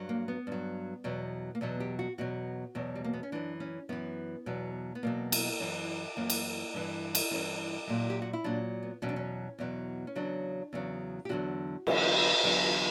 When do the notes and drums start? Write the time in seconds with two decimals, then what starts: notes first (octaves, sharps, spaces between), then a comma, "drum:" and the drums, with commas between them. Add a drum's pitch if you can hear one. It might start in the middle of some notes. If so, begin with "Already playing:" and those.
Already playing: G2 F#3
0.09 A#3
0.28 B3
0.47 G2 F#3
1.04 E2 B2 F#3
1.55 A#3
1.61 E2 B2 F#3 B3
1.80 G4
1.99 F#4
2.18 E2 B2 F#3 F#4
2.75 E2 B2 F#3
2.95 G3
3.04 A#3
3.13 B3
3.23 C#4
3.32 F#2 E3 D4
3.60 C#4
3.89 F#2 E3 B3
4.46 E2 B2 F#3
4.95 B3
5.03 E2 B2 F#3 A#3
5.32 drum: cymbal
5.60 F#2 E3
6.17 F#2 E3 A#3
6.30 drum: cymbal
6.74 G2 E3
7.15 drum: cymbal
7.31 G2 E3 C#4
7.87 A#2 F#3
8.10 G4
8.22 F#4
8.33 E4
8.44 A#2 F#3 D4
8.83 B3
9.02 E2 B2 F#3 C#4
9.09 D4
9.16 C#4
9.59 E2 B2 F#3
10.07 C#4
10.15 E2 C#3 F#3 D4
10.73 E2 C#3 F#3
11.25 G4
11.29 E2 D3 F#3 F#4
11.87 E2 D3 F#3, drum: cymbal
12.43 E2 D3 F#3 G4